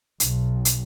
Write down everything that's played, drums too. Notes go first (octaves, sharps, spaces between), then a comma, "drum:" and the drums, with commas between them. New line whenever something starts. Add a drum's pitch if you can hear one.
B1, drum: hi-hat
drum: hi-hat